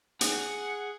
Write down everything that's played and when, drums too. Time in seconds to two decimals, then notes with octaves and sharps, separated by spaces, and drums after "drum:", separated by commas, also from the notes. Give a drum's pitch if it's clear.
0.21 G#4 F#5, drum: hi-hat